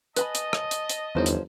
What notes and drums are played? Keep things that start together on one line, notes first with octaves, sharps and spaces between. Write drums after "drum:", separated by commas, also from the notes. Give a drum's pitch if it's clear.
B4 D#5 G#5 A5 B5, drum: hi-hat
drum: hi-hat
drum: rim click
drum: hi-hat
drum: hi-hat
G1 E2 E3 F3 D#4 C5 C#5
drum: hi-hat